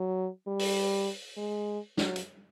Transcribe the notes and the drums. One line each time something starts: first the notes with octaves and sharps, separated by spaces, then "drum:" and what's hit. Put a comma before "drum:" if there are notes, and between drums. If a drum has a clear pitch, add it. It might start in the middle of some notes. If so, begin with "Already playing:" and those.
Already playing: F#3
G3
drum: open hi-hat
G#3
F#3, drum: snare
drum: hi-hat